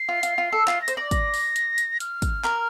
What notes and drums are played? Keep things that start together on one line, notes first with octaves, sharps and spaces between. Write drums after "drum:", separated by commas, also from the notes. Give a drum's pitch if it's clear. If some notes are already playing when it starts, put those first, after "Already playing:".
Already playing: C7
F4
F4, drum: hi-hat
F4
A4
F4 C7, drum: clap
A#6
C5, drum: hi-hat
D5 A#6
A#6, drum: kick, hi-hat
drum: open hi-hat
drum: hi-hat
drum: hi-hat
F6, drum: hi-hat
drum: kick, hi-hat
A#4, drum: clap